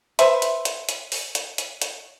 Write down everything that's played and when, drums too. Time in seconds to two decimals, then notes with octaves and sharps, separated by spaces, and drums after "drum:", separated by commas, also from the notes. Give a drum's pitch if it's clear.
0.19 B4 C5 E5, drum: hi-hat
0.42 drum: hi-hat
0.65 drum: hi-hat
0.89 drum: hi-hat
1.12 drum: open hi-hat
1.35 drum: hi-hat
1.58 drum: hi-hat
1.82 drum: hi-hat